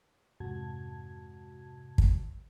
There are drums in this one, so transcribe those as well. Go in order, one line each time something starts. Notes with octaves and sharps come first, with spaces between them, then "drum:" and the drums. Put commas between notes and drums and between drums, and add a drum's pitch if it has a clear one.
F2 G#2 C3 F#4 A5 G#6
drum: kick